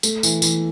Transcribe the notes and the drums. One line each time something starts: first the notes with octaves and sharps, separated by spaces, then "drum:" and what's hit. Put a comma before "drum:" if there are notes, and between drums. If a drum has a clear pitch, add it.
A3, drum: tambourine
E3, drum: tambourine
E3, drum: tambourine